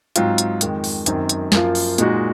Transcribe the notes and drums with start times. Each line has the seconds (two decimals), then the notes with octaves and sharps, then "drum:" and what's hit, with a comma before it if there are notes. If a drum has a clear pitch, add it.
0.16 G#2 F#3 C4 F4, drum: hi-hat
0.38 drum: hi-hat
0.61 F2 D#3 G#3, drum: hi-hat
0.84 drum: open hi-hat
1.06 F#2 D#3 F#3 C4 D#4, drum: hi-hat
1.29 drum: hi-hat
1.52 F#2 F3 A#3 F4, drum: snare
1.75 drum: open hi-hat
1.98 A#2 G#3 D#4 F#4, drum: hi-hat